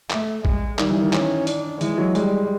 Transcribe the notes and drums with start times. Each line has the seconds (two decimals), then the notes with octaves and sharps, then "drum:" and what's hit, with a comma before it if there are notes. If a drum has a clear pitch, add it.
0.10 A3, drum: clap
0.45 G#3, drum: kick
0.79 D#3 G3, drum: clap
0.90 E3
1.01 D#3
1.13 C#4, drum: clap
1.47 D4, drum: hi-hat
1.81 E3 G#3, drum: hi-hat
1.98 F#3
2.15 G3 G#3, drum: hi-hat